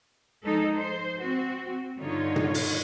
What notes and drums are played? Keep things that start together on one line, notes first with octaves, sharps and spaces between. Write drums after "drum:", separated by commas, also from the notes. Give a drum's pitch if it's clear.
F3 G#3 D#4 A4
C5
C4 F#4
G2 D3 D#4 F4 C#5
drum: tom
drum: open hi-hat